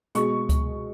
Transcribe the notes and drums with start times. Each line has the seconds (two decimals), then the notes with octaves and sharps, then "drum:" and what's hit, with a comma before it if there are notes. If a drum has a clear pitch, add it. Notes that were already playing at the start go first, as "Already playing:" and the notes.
0.15 B2 G#3 C#6, drum: hi-hat
0.49 drum: kick C#2, hi-hat